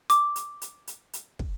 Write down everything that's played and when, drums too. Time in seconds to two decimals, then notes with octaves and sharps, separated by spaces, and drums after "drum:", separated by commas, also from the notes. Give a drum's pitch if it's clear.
0.10 D6, drum: hi-hat
0.36 drum: hi-hat
0.62 drum: hi-hat
0.87 drum: hi-hat
1.13 drum: hi-hat
1.39 drum: kick